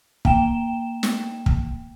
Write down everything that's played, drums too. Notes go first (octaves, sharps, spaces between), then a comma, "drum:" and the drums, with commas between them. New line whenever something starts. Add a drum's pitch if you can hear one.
A#3 G5 E7, drum: kick
drum: snare
drum: kick